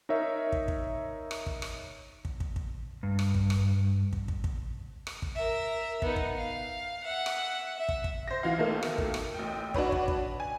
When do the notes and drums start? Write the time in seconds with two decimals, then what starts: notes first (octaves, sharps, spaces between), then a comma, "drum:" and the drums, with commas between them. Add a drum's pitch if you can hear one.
0.09 D#4 A#4 C#5 E5
0.52 drum: kick
0.68 drum: kick
1.31 drum: rim click
1.46 drum: kick
1.62 drum: rim click
2.25 drum: kick
2.40 drum: kick
2.56 drum: kick
3.03 G2
3.19 drum: rim click
3.34 drum: kick
3.50 drum: rim click
4.13 drum: kick
4.28 drum: kick
4.44 drum: kick
5.07 drum: rim click
5.22 drum: kick
5.35 A#4 E5
6.02 B3 D#4, drum: kick
6.16 drum: kick
6.36 F5
7.03 E5 F#5
7.26 drum: rim click
7.76 E5
7.89 drum: kick
8.04 drum: kick
8.28 C5 A#6
8.43 E3 F4 F5
8.58 B1 D#3 A3 A#3
8.83 drum: rim click
8.98 drum: kick
9.14 drum: rim click
9.34 A1 G5
9.74 D4 F#4 B4 C#5, drum: kick
9.92 drum: kick
10.08 drum: kick
10.40 G#5